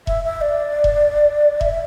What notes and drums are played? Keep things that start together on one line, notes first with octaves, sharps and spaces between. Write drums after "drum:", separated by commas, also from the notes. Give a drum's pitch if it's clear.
E5, drum: kick E1
E5
D5
drum: kick E1
E5, drum: kick E1